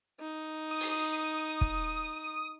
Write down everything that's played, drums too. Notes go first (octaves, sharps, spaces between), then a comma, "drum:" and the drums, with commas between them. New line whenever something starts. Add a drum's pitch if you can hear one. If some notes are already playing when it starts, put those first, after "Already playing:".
D#4
D#6
drum: open hi-hat
drum: kick